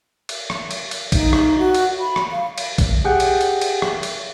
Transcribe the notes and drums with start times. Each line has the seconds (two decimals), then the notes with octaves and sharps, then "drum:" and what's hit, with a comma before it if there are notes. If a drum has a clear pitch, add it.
0.29 drum: cymbal
0.50 drum: rim click
0.71 drum: cymbal
0.91 drum: cymbal
1.12 D#4, drum: kick A#1, cymbal
1.33 drum: rim click
1.58 F#4
1.74 drum: cymbal
1.99 B5
2.16 drum: rim click
2.31 F5
2.58 drum: cymbal
2.78 drum: kick A#1, cymbal
3.04 G4 G#4 F#5 G5
3.20 drum: cymbal
3.41 drum: cymbal
3.61 drum: cymbal
3.82 drum: rim click
4.03 drum: cymbal